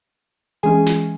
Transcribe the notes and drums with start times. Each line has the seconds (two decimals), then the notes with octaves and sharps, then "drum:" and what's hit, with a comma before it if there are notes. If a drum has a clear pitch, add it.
0.63 E3 G#3 C#4 G#4 G#5, drum: hi-hat
0.86 drum: snare